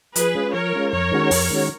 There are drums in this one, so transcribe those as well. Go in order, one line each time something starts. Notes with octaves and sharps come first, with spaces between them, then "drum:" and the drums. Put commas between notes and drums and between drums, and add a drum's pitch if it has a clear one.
F3 G#4 B4, drum: hi-hat
G#3 C#4 F4
F3 A#4 C#5
G#3 C#4 F4
F2 A#4 C#5
D#3 G#3 C#4 F#4
F2, drum: open hi-hat
D#3 G#3 C#4 F#4